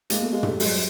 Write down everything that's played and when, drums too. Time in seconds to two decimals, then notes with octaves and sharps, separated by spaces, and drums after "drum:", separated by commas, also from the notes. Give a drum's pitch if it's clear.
0.10 G#3 A#3, drum: hi-hat
0.21 A3 B3
0.33 G#3 A#3
0.43 G3 A3, drum: tom
0.60 F#3 G#3, drum: open hi-hat